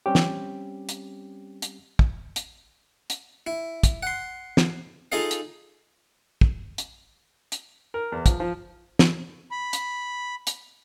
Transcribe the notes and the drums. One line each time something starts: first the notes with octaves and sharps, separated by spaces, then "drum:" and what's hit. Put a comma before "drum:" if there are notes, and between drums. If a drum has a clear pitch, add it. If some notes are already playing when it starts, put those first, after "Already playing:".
G3 C4 C#4 G4
drum: snare
drum: hi-hat
drum: hi-hat
drum: kick
drum: hi-hat
drum: hi-hat
E4
drum: kick, hi-hat
F#5 C6
drum: snare
D#4 F4 G#4 A4 D#5 F5
drum: hi-hat
drum: kick
drum: hi-hat
drum: hi-hat
A#4
E2
F3, drum: kick, hi-hat
F3
drum: snare
B5
drum: hi-hat
drum: hi-hat